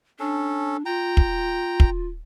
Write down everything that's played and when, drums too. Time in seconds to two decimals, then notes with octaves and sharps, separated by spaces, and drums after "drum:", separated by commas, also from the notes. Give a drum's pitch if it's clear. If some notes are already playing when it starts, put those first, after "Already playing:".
0.20 C#4 D4 A4
0.86 F4 G5 A#5
1.17 drum: kick
1.80 drum: kick